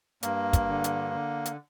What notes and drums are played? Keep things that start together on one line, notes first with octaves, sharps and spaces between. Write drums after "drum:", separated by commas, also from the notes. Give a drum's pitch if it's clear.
G2 A#3, drum: hi-hat
drum: kick, hi-hat
D3
drum: hi-hat
D3
drum: hi-hat